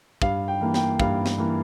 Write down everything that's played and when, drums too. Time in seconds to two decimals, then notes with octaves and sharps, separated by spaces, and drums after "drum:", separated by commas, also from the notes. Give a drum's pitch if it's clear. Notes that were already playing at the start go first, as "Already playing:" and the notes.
0.22 G2 F5, drum: kick
0.48 G5
0.61 E3 A#3
0.74 G5, drum: snare
1.00 G2 F5, drum: kick
1.26 drum: snare
1.38 E3 A#3